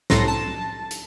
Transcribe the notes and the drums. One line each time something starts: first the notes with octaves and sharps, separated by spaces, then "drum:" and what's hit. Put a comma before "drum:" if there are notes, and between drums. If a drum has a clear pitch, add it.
C2 A2 A4 A#5 C6 A#6, drum: snare
A5
drum: hi-hat